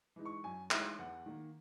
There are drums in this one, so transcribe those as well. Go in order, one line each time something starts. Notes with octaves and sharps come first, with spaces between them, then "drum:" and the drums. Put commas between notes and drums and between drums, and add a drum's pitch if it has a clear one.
E3 G#3 D#4
C#6
F#2 G#5
E3 G#3 D#4 E5, drum: clap
E2 F#5
D#3 A#3